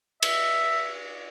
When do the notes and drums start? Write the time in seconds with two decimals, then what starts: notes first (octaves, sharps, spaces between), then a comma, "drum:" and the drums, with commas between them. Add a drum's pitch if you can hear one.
0.22 E5, drum: cymbal